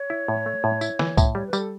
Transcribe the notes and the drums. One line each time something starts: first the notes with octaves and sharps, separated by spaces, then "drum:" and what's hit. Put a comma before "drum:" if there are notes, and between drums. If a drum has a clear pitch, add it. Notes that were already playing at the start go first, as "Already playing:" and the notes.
Already playing: C#5
E4
A2
A3
A2
E4, drum: tambourine
E3, drum: snare
A2, drum: kick, tambourine
G3 C#5
B4
G3 A4, drum: tambourine